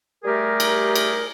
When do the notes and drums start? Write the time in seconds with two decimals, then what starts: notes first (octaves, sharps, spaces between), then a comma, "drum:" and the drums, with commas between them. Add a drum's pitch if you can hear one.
0.24 G3 A3 G4 G#4 A#4
0.60 drum: cymbal
0.95 drum: cymbal